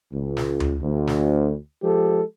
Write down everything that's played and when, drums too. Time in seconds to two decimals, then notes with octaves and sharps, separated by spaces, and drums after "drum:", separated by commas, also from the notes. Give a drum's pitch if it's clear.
0.13 C#2
0.37 drum: snare
0.60 drum: tom D2
0.82 D2
1.07 drum: snare
1.82 F3 G#3 G4 A4